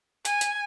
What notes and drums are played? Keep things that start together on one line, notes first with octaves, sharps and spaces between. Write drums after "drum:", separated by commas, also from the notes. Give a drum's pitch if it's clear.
G#5, drum: hi-hat
drum: hi-hat